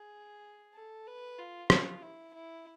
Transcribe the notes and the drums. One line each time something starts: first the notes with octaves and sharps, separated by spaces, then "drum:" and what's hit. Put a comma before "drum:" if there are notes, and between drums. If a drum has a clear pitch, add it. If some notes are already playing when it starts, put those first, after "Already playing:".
Already playing: G#4
A4
B4
F4
F4, drum: rim click
E4
E4